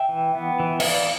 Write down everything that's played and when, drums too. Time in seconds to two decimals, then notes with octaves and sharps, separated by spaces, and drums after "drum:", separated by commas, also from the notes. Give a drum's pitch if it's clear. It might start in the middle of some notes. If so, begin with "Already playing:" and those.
Already playing: E5 G5
0.09 E3
0.35 B3
0.60 E3
0.80 E5, drum: cymbal
0.85 E3 D5 F5